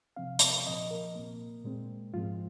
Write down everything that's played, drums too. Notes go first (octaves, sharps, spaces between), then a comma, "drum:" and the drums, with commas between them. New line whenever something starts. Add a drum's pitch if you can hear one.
C3 F3 C4 F5
drum: hi-hat
A#2 F3 C4 D#5
A#4
A#2 A#3
A#2 G#3 C4
G#2 F3 G#3 C4 F4